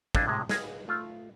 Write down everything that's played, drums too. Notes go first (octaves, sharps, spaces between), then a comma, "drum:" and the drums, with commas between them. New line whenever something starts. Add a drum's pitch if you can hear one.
F2 D4 E4 C5 G#5, drum: kick
A2 C3 G#3
G#4 B4 D#5 F5 F#5, drum: snare
A3 F4